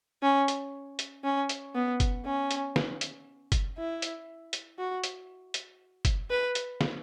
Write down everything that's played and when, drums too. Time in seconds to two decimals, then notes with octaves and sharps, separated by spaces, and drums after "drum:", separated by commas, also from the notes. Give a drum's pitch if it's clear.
0.22 C#4
0.48 drum: hi-hat
0.99 drum: hi-hat
1.24 C#4
1.49 drum: hi-hat
1.75 B3
2.00 drum: kick, hi-hat
2.26 C#4
2.51 drum: hi-hat
2.76 drum: snare
3.01 drum: hi-hat
3.52 drum: kick, hi-hat
3.78 E4
4.02 drum: hi-hat
4.53 drum: hi-hat
4.78 F#4
5.04 drum: hi-hat
5.54 drum: hi-hat
6.05 drum: kick, hi-hat
6.30 B4
6.55 drum: hi-hat
6.81 drum: snare